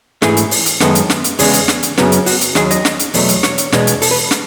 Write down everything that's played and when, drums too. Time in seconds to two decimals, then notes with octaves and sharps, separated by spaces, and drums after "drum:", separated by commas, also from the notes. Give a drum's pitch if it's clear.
0.22 G#2 E3 A3 G#4, drum: snare
0.37 drum: hi-hat
0.51 drum: open hi-hat
0.66 drum: hi-hat
0.80 F#2 D#3 G#3 B3 A4, drum: snare
0.95 drum: hi-hat
1.10 drum: snare
1.24 drum: hi-hat
1.39 E2 C#3 G#3 B3 G#4, drum: open hi-hat
1.53 drum: hi-hat
1.68 drum: snare
1.83 drum: hi-hat
1.98 F#2 C#3 F#3 B3, drum: snare
2.12 drum: hi-hat
2.26 F#4, drum: open hi-hat
2.41 drum: hi-hat
2.55 D#2 D#3 F#3 G#4, drum: snare
2.71 D#5, drum: hi-hat
2.85 drum: snare
2.99 drum: hi-hat
3.14 E2 B2 F#3 A3, drum: open hi-hat
3.29 drum: hi-hat
3.43 C#5, drum: snare
3.58 drum: hi-hat
3.72 E2 B2 G#3 B3, drum: snare
3.87 drum: hi-hat
4.02 A4, drum: open hi-hat
4.11 B4
4.31 drum: snare